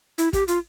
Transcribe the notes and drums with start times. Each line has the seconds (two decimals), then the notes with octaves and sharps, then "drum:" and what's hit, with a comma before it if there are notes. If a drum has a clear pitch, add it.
0.18 E4, drum: hi-hat
0.33 G4, drum: kick, hi-hat
0.48 F4, drum: hi-hat